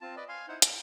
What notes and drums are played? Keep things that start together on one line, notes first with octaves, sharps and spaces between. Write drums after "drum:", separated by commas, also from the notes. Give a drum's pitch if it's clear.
C4 F4 A5
B4 D5 D#5
F5 G#5 C6
D#4 E4 C5 F#5
A#5, drum: hi-hat